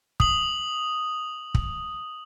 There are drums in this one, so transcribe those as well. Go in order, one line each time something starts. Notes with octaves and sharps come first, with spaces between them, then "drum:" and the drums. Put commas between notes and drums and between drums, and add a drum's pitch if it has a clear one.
D#6 F#7, drum: kick
drum: kick